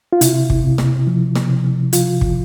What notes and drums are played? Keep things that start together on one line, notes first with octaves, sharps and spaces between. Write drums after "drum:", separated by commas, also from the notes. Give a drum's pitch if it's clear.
F4
C3 E4, drum: hi-hat
drum: kick
C3
drum: snare
F3
drum: snare
C3
F3 F4, drum: hi-hat
drum: kick